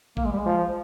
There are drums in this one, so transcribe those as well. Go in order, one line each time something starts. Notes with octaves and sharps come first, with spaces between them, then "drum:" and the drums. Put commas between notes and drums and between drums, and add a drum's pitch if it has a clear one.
A#3, drum: kick G#1
G#3
G3
G#3
F3